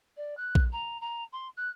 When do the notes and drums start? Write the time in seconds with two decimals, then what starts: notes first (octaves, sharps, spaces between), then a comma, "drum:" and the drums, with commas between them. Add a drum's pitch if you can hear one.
0.17 D5
0.37 F#6
0.55 drum: kick A#1
0.72 A#5
1.01 A#5
1.32 C6
1.57 F#6